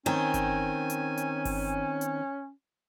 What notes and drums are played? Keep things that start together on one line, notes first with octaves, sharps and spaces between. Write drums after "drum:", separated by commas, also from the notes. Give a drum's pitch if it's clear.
D#3 C4 C#4 G#5
drum: kick G1, hi-hat
drum: hi-hat
drum: hi-hat
drum: kick G1, open hi-hat
drum: hi-hat